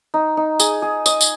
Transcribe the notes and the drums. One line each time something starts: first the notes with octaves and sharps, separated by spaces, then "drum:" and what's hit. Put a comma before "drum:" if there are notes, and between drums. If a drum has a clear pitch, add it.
D#4
D#4
G#4, drum: tambourine
G#4
D#5, drum: tambourine
drum: tambourine